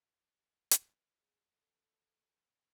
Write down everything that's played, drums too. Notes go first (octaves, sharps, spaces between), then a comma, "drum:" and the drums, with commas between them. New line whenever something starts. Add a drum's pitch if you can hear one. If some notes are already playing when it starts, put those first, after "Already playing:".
E3, drum: hi-hat
G#4
A4